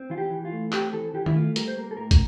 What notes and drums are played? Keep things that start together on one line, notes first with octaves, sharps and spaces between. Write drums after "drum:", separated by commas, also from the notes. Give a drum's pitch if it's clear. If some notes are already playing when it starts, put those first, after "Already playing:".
Already playing: C4
E3 F4
G4
E3
F4
A3
C4 G4, drum: clap
E3 A4
E3 G4
E4, drum: tom D#3
A3 F4
G3 A#4, drum: hi-hat
C5
A#3 A#4
A4
A2 A#4
drum: kick, hi-hat